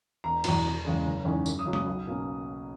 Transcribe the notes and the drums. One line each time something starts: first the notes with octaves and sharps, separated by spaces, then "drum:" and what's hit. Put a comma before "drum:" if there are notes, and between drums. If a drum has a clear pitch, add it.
E1 A#5
E2 B2 A#5, drum: cymbal
E1
E2 C#3 G#3
F#1
E2 D#3 G#3 C#4
F#2, drum: tambourine
D#6
C#3 F#3
D#6, drum: tom
B1
B2 A#3 C#4